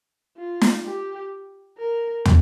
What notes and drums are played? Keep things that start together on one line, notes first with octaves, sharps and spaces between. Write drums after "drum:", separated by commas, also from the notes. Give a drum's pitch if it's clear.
F4
drum: snare
G4
A#4
drum: tom